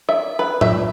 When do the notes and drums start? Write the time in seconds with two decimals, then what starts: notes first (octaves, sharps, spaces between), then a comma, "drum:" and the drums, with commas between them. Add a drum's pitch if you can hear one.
0.09 E5
0.39 B4
0.61 E5, drum: tom A2